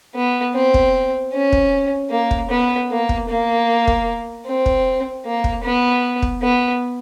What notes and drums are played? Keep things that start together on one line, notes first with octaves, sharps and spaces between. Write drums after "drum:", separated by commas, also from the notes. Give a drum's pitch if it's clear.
B3
C4
drum: kick
C#4
drum: kick
A#3
drum: kick
B3
A#3
drum: kick
A#3
drum: kick
C4
drum: kick
A#3
drum: kick
B3
drum: kick
B3